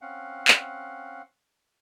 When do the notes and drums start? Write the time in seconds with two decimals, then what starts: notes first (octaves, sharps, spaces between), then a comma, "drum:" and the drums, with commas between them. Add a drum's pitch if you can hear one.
0.01 C4 C#4 F5 F#5
0.48 drum: clap